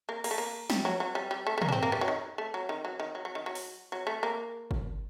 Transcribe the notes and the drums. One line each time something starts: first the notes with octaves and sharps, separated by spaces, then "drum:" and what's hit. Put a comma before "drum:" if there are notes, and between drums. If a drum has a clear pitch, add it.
A#3
A#3, drum: cymbal
A3
A#3
G3, drum: snare
F#3
F#3
G3
G3
A3
A3
A#3, drum: tom
D4
C4
A#3
G3, drum: rim click
F#3
D#3
A3
F#3
D#3
F#3
D#3
F#3
F#3
D#3
F#3
drum: open hi-hat
F#3
A3
A#3
drum: kick G1